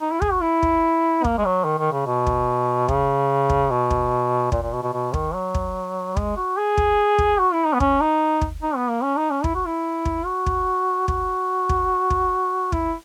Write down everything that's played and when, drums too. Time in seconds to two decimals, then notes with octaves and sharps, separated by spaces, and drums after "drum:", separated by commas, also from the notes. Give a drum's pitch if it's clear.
0.01 D#4
0.11 E4
0.22 G#4, drum: kick
0.32 F#4
0.42 E4
0.63 drum: kick
1.24 A#3, drum: kick
1.38 G#3
1.45 F#3
1.65 D#3
1.79 D#3
1.92 C#3
2.06 B2
2.27 drum: kick
2.89 C#3, drum: kick
3.50 drum: kick
3.70 B2
3.91 drum: kick
4.52 A#2, drum: kick
4.62 A#2
4.72 B2
4.83 B2
4.93 B2
5.14 D#3, drum: kick
5.34 F#3
5.55 drum: kick
6.17 G#3, drum: kick
6.37 F#4
6.57 G#4
6.78 drum: kick
7.19 drum: kick
7.39 F#4
7.53 E4
7.66 D#4
7.73 B3
7.80 C#4, drum: kick
8.01 D#4
8.41 drum: kick
8.62 D#4
8.76 B3
8.89 A#3
9.03 C#4
9.17 D#4
9.31 C#4
9.44 E4, drum: kick
9.55 F#4
9.66 E4
10.05 drum: kick
10.26 F#4
10.46 drum: kick
11.08 F#4, drum: kick
11.69 drum: kick
12.10 drum: kick
12.72 E4, drum: kick